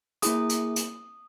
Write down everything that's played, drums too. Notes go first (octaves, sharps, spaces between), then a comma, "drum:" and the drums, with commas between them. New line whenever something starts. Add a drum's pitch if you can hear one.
A#3 E4 G#4 D#6, drum: hi-hat
drum: hi-hat
drum: hi-hat